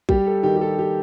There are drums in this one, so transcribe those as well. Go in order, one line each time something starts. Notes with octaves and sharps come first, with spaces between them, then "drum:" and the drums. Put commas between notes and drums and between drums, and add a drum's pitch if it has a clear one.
G3 G4, drum: kick
A4
D#3 G4
G4
A4
G4